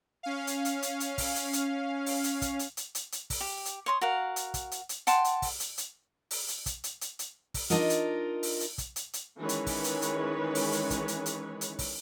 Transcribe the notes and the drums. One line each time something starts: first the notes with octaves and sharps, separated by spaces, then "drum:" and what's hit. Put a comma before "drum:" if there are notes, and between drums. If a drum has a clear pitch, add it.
C#4 F5
drum: hi-hat
drum: hi-hat
drum: hi-hat
drum: hi-hat
drum: kick, open hi-hat
drum: hi-hat
drum: hi-hat
drum: open hi-hat
drum: hi-hat
drum: kick, hi-hat
drum: hi-hat
drum: hi-hat
drum: hi-hat
drum: hi-hat
drum: kick, open hi-hat
G4
drum: hi-hat
C#5 C6 D#6
F#4 A#4 F5 F#5
drum: hi-hat
drum: kick, hi-hat
drum: hi-hat
drum: hi-hat
F#5 G5 A5 C6, drum: hi-hat
drum: hi-hat
drum: kick, open hi-hat
drum: hi-hat
drum: hi-hat
drum: open hi-hat
drum: hi-hat
drum: kick, hi-hat
drum: hi-hat
drum: hi-hat
drum: hi-hat
drum: kick, open hi-hat
D4 D#4 F4 A#4 D#5, drum: hi-hat
drum: hi-hat
drum: open hi-hat
drum: hi-hat
drum: kick, hi-hat
drum: hi-hat
drum: hi-hat
D#3 E3 G#3 C#4 B4 C#5
drum: hi-hat
drum: kick, open hi-hat
drum: hi-hat
drum: hi-hat
drum: open hi-hat
drum: hi-hat
drum: kick, hi-hat
drum: hi-hat
drum: hi-hat
drum: hi-hat
drum: kick, open hi-hat